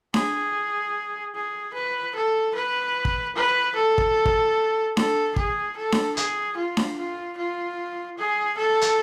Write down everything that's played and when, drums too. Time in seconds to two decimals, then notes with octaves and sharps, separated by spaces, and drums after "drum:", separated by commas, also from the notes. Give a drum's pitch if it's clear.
0.14 G#4, drum: snare D4
1.35 G#4
1.74 B4
2.15 A4
2.55 B4
3.05 drum: kick
3.36 B4
3.76 A4
3.98 drum: kick
4.26 drum: kick
4.97 A4, drum: snare D4
5.36 G#4, drum: kick
5.77 A4
5.92 drum: snare D4
6.17 G#4, drum: hi-hat
6.57 F4
6.77 drum: snare D4
6.98 F4
7.37 F4
8.18 G#4
8.58 A4
8.81 drum: hi-hat